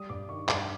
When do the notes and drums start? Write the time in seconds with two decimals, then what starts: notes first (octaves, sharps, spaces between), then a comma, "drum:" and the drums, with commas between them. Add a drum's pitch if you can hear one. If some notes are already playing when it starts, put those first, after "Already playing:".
Already playing: G3 D#6
0.09 G2 D6
0.29 D#3 C#6
0.48 G2 D6, drum: clap